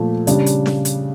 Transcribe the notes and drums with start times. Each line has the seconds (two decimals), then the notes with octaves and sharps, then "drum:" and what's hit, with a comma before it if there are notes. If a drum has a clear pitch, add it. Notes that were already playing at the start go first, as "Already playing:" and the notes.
Already playing: A#2 F3 A3
0.27 C#3 G3 D4, drum: hi-hat
0.46 drum: hi-hat
0.66 drum: snare
0.85 drum: hi-hat